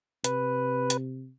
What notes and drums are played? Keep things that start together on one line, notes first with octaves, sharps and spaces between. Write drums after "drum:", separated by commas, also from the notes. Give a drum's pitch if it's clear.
C3 B4, drum: hi-hat
drum: hi-hat